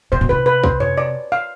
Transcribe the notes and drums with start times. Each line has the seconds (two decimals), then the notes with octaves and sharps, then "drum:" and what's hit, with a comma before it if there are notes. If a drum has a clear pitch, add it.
0.12 C3 C5
0.21 B2
0.29 C3 B4
0.46 B4
0.64 C5, drum: kick
0.80 C#5, drum: tom F2
0.98 D5
1.32 F5